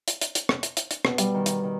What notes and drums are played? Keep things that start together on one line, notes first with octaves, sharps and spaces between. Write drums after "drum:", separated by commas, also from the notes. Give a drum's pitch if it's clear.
drum: hi-hat
drum: hi-hat
drum: hi-hat
drum: rim click
drum: hi-hat
drum: hi-hat
drum: hi-hat
B2, drum: rim click
G3, drum: hi-hat
D#3
drum: hi-hat
D#3